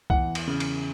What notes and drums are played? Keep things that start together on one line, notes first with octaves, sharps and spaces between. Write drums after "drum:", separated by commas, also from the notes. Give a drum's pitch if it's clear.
E2 F#5, drum: kick C2
drum: cymbal
C#3
drum: cymbal